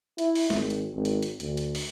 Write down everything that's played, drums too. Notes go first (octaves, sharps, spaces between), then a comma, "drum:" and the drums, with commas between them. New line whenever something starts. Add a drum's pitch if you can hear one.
E4, drum: hi-hat
drum: open hi-hat
G#1, drum: snare
drum: hi-hat
G#1
drum: hi-hat
drum: hi-hat
D2, drum: hi-hat
drum: hi-hat
drum: open hi-hat